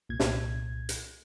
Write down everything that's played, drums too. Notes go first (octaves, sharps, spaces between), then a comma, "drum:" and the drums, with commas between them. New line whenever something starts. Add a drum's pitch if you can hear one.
C2 A#2 G#6
drum: snare
drum: hi-hat